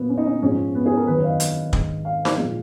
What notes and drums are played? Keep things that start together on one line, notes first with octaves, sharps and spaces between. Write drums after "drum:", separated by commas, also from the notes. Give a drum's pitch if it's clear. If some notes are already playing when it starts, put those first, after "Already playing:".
Already playing: A#2 F#3 A#3 B3
C#4
D#4
C#4
G#2 F3 G#3 C#4
B3
G#4
A#4
F#2 D#3 F#3 B4
C#5
F5
D#5
drum: hi-hat
G#2 D#3 G#3, drum: kick
F5
drum: snare D#4
A#2 F3 G#3